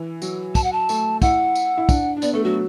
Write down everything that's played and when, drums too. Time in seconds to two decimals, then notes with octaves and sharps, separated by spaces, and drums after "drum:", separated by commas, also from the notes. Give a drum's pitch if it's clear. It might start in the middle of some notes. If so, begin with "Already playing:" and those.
Already playing: E3
0.22 F#3, drum: tambourine
0.55 A5, drum: kick, tambourine
0.64 F#5
0.72 A5
0.89 A3, drum: tambourine
1.22 E4 F#5, drum: kick, tambourine
1.55 drum: tambourine
1.77 E4
1.89 D4, drum: kick, tambourine
2.17 D4
2.22 B3 D5, drum: tambourine
2.34 A3 A4
2.44 F#3 F#4